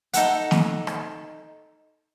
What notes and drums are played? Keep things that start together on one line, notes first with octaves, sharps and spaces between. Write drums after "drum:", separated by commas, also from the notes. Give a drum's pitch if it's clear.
D#4 A4 F#5, drum: hi-hat
drum: snare
drum: rim click